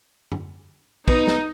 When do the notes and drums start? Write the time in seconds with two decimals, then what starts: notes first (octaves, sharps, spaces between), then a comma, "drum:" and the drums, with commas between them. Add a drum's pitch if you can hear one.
0.32 drum: tom F#2
1.08 B2 D#4, drum: kick
1.27 drum: snare